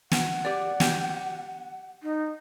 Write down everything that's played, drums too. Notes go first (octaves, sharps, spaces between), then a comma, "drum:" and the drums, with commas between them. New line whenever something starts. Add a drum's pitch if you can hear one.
F#5, drum: snare
G4 D5
G4, drum: snare
D#4